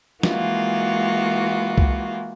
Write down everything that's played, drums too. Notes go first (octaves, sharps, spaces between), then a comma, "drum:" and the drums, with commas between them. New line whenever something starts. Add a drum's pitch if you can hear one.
E3 G#3 A#3 F4 F#4, drum: snare
drum: kick C2